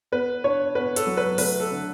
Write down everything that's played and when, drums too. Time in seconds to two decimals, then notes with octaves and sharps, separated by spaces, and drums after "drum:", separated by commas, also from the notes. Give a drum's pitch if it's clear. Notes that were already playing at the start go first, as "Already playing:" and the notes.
0.12 B3 B4
0.44 D4 C#5
0.75 B3 B4
0.96 A4, drum: hi-hat
1.07 F#3
1.17 B4
1.38 A3 B4, drum: open hi-hat
1.60 A4
1.71 D3